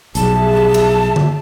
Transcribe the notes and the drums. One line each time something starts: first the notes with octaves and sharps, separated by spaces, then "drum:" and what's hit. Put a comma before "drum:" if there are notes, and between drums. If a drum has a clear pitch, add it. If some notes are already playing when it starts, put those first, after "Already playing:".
B1 G3 G#4 E5 A5, drum: hi-hat
drum: cymbal
drum: tom D3